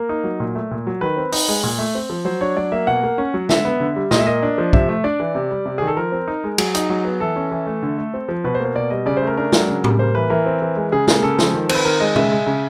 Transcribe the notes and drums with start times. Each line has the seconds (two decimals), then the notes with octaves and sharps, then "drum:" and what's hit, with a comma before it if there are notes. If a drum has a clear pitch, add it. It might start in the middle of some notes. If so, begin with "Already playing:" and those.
Already playing: A#3 A#4
0.09 D#4
0.24 F#3
0.40 A#2
0.55 A3
0.71 A#2
0.87 F#3
1.01 D#3 B4
1.17 C4
1.32 D#4, drum: open hi-hat
1.48 G#3
1.63 A#2
1.78 A3
1.95 C4
2.10 F3
2.25 F#3 C5
2.41 D4 C#5
2.56 F#3 D5
2.72 A#3 E5
2.87 B2 F#5
3.03 A#3
3.18 C#4
3.34 F#3
3.49 D3 E5, drum: snare
3.65 B3
3.80 D3
3.96 G3
4.11 A#2 D#5, drum: snare
4.19 E5
4.26 A#3 D#5
4.43 D4
4.58 F3
4.73 C3 E5, drum: kick
4.89 A3
5.04 D4 D5
5.20 E3
5.35 C3
5.51 G3
5.66 C3
5.78 D#3 G#4
5.87 A4
5.97 F3 A#4
6.12 C4
6.28 D#4
6.44 G#3
6.58 F#3 G#4, drum: cymbal
6.75 D#4, drum: hi-hat
6.90 F#3
7.05 B3
7.20 E3 A4
7.36 C#4
7.51 E3
7.67 A3
7.83 D3
7.98 A3
8.14 C4
8.29 F3
8.44 B2 B4
8.55 C5
8.60 A#3
8.65 C5
8.75 B2 D5
8.90 G3 D#5
9.06 C#3 D5
9.17 C5
9.22 A3
9.27 A#4
9.37 D4 A#4
9.52 F#3, drum: snare
9.68 C#3
9.84 G3, drum: tom A2
9.99 A#3 C5
10.15 E3 B4
10.30 E3 A#4
10.46 C4
10.62 E3
10.76 G#3
10.92 C#3 G#4
11.08 A#3 G#4, drum: snare
11.23 C#3 A4
11.39 F3, drum: snare
11.54 D#3
11.69 C4, drum: cymbal
11.75 B4
11.85 D#3 A#4
12.00 G#3 D#5
12.16 C#3 E5, drum: tom B2
12.32 G#3
12.47 C#3